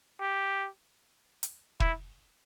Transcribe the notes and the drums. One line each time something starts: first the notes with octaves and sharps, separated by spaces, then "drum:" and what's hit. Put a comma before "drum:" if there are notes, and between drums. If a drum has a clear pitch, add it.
G4
drum: hi-hat
E4, drum: kick